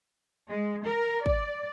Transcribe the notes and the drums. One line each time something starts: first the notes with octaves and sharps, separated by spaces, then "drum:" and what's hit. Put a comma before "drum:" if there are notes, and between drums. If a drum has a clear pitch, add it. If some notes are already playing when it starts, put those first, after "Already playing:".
G#3
A#4
D5, drum: kick